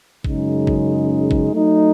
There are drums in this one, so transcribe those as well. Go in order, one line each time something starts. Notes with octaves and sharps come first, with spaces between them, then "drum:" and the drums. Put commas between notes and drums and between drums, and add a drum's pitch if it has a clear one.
F#2 C#3 G#3 D#4, drum: kick G#1
drum: kick G#1
drum: kick G#1
F#3 A3 D#4